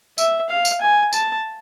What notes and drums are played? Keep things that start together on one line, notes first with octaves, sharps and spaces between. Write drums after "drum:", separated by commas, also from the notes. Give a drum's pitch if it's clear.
E5, drum: tambourine
F5
drum: tambourine
G#5
A5, drum: tambourine